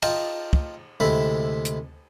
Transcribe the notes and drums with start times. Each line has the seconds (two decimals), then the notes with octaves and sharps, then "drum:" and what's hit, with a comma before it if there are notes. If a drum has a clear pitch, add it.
0.02 F4 D#5 G5 A5 A#5, drum: cymbal
0.53 drum: kick
1.00 D2 C3 G#3 E4 A4 B5
1.65 drum: hi-hat